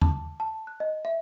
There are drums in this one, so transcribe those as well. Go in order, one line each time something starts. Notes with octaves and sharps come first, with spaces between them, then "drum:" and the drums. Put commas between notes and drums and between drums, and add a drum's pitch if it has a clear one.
A5, drum: tom E2
A5
F#6
D#5
E5